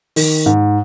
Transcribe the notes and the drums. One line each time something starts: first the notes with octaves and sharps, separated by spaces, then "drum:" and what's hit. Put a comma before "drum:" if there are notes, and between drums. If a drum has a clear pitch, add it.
D#3, drum: open hi-hat
G#2